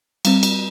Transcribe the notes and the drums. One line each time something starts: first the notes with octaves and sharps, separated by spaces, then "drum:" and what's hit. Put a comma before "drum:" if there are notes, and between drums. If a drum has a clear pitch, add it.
G3 C4, drum: cymbal
drum: cymbal